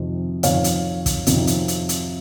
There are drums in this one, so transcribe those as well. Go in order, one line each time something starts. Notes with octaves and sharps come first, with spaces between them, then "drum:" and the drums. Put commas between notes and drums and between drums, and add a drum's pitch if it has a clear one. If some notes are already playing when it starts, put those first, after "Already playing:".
Already playing: F2 C3 D#3
F2 C3 D#3 C#5 F5, drum: hi-hat
drum: hi-hat
drum: kick, hi-hat
F2 C3 D#3, drum: hi-hat
drum: hi-hat
drum: hi-hat
drum: hi-hat